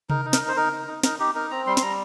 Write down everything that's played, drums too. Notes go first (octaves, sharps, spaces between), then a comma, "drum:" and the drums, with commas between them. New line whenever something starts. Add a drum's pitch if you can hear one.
D#4 A#4, drum: tom C3
D#4
A#4, drum: snare
D#4
C5
D#4 A#4
D#4
D#4
D#4 A#4, drum: snare
D#4 G4
D#4 A#4
C4 A#5
G3 C6
C6, drum: snare
G3 A#5